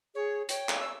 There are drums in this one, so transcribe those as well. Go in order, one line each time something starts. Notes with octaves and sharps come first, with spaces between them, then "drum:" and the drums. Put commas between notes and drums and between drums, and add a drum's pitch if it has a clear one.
G#4 C#5
C#5 G5, drum: hi-hat
drum: clap
E6